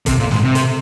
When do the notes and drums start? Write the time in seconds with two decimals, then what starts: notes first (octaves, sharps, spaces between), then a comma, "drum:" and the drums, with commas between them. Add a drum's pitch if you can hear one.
0.06 C3, drum: kick, hi-hat
0.19 A#2
0.31 G#2, drum: snare
0.43 C3
0.55 drum: hi-hat